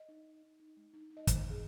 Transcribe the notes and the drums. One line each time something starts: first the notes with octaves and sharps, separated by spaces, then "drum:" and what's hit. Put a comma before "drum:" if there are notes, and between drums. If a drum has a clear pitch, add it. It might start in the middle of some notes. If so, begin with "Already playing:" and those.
Already playing: D#5
D#4
D#4
D#4
D#4
G#3
D#4
D#4
D#5
D#3 C5, drum: kick, hi-hat
D#3
G#4